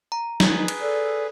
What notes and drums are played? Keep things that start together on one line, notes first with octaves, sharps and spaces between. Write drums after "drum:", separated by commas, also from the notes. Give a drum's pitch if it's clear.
A#5
G#4 B4, drum: snare
drum: cymbal
A4 D5